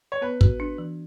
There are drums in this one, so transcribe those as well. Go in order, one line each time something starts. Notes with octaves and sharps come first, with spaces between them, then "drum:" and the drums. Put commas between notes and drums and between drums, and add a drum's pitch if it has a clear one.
C#5
B3 B4
F#4, drum: kick
D4
E3